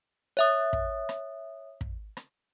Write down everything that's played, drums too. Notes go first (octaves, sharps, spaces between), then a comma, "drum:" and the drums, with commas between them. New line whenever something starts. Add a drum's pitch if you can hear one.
C#5 E5 D#6
drum: kick
drum: rim click
drum: kick
drum: rim click